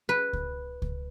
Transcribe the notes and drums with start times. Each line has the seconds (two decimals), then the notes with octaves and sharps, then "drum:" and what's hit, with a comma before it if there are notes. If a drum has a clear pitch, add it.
0.09 B4
0.33 drum: kick C#2
0.82 drum: kick C#2